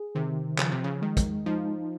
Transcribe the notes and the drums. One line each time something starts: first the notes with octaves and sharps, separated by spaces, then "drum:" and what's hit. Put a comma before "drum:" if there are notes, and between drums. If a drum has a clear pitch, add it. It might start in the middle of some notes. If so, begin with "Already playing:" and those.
Already playing: G#4
C3 D#3
C#3 F3, drum: clap
C3
C#3
D#3 G#3
drum: kick, hi-hat
F3 D#4